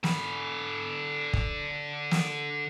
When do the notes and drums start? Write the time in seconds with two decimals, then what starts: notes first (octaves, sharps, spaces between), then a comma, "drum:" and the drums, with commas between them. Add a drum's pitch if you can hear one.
0.04 D3 B5, drum: snare
1.33 drum: kick
2.11 drum: snare